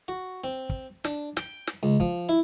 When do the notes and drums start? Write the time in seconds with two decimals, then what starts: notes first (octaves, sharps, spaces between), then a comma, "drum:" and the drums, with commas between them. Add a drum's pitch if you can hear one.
0.08 F#4
0.44 C4
0.69 drum: kick
1.04 D4, drum: snare
1.37 G5, drum: snare
1.67 drum: snare
1.83 C#2
2.00 F3, drum: kick
2.29 E4